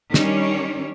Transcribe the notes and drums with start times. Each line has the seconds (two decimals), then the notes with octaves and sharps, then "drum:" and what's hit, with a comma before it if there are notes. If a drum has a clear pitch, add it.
0.14 D#3 G3 C#4 D4 C#5, drum: snare